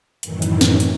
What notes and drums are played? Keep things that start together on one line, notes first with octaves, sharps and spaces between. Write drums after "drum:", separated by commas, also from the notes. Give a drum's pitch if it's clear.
F#2 A2 D#3 E3, drum: hi-hat
drum: hi-hat
drum: snare
drum: hi-hat